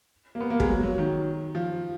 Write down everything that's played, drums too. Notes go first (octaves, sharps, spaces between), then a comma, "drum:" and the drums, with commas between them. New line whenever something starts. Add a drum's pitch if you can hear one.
A#3
B3
A#3
G#3, drum: kick
F#3
F#3
D#3
F3